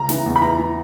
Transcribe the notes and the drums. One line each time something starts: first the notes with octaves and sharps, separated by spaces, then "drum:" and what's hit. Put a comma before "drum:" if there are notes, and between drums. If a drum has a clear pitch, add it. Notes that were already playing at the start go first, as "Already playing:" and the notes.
Already playing: C#2 C#3 A#5
E3, drum: snare
E2
B5
E3 A#5
E3